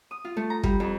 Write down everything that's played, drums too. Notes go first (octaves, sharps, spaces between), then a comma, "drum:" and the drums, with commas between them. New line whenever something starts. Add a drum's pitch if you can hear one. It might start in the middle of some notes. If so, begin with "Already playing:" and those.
D#6
F4
A3
A#5
G3, drum: kick
F2